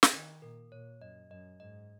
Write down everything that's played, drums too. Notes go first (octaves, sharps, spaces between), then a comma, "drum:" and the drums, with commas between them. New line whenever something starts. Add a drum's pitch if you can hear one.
drum: snare
D#3 D#5
A#2 A#4
A#2 C#5
F#2 D#5
F#2 D#5
G#2 D#5